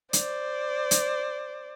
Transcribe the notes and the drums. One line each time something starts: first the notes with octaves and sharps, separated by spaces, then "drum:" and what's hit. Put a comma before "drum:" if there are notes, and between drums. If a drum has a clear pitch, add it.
C5 D5, drum: hi-hat
drum: hi-hat